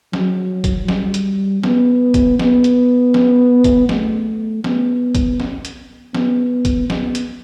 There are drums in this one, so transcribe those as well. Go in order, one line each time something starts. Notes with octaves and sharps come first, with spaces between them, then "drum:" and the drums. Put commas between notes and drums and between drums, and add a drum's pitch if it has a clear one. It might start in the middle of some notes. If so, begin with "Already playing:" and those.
F#3, drum: snare
drum: kick, hi-hat
G3, drum: snare
drum: hi-hat
B3, drum: snare
drum: kick, hi-hat
B3, drum: snare
drum: hi-hat
drum: snare
drum: kick, hi-hat
A3, drum: snare
B3, drum: snare
drum: kick, hi-hat
drum: snare
drum: hi-hat
B3, drum: snare
drum: kick, hi-hat
B3, drum: snare
drum: hi-hat